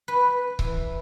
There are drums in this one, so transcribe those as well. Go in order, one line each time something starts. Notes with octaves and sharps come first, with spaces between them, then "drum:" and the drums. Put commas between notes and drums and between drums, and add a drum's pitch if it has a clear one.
B4
E3, drum: kick C#1